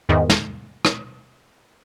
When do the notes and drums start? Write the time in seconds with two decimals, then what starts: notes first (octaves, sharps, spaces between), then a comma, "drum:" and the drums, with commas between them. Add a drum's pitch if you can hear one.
0.09 E2 G#2 D#3
0.30 drum: snare
0.85 drum: rim click